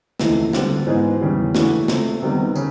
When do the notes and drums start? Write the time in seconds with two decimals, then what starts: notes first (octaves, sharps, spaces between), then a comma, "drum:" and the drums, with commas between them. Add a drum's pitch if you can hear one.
0.20 C#2 C3 E3 A3, drum: snare
0.53 D3 G3 C4 F4, drum: snare
0.87 G#2 E3 G#3 B3
1.21 E2 C#3 E3 G3
1.55 C#3 E3 A3 D4 F#4, drum: snare
1.88 C3 F3 A3, drum: snare
2.22 C3 D#3 G3 B3
2.55 C#3, drum: tambourine